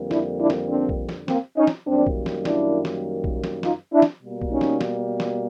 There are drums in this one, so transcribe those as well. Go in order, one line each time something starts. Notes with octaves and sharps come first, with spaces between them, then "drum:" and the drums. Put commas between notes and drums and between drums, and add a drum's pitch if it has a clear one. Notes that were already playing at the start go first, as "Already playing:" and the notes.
Already playing: F2 D3 G3 A#3
D4 E4, drum: snare
D4 E4
drum: snare
C4 D4
drum: kick A#1
drum: snare
A#3 C4, drum: snare
C#4 D#4
drum: snare
F#2 D#3 G3 A#3 C4 D4
drum: kick A#1
drum: snare
D4 E4, drum: snare
drum: snare
drum: kick A#1
drum: snare
D#4 F4, drum: snare
D4 E4
drum: snare
B2 G3 A#3
drum: kick A#1
C#4 D#4
drum: snare
drum: snare
drum: snare